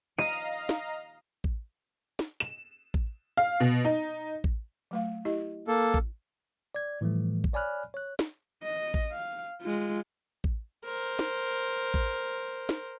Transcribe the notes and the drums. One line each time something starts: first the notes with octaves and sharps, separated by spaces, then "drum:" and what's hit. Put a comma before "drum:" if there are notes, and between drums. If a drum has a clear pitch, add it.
D#5 F5 A#5 D#7
drum: snare
drum: kick A1
drum: snare
E7
drum: kick A1
F5
B2
D#4
drum: kick A1
F#3 A3 F5
E4 G4 D#5
A#3 A4
drum: kick A1
D5 G#6
A2 E3 F3 G3 A3
drum: kick A1
C#5 D5 G#5 B5 F6 F#6
C#5 F#6
drum: snare
D#5
drum: kick A1
F5
G#3 F4
drum: kick A1
A#4 C5
drum: snare
drum: kick A1
drum: snare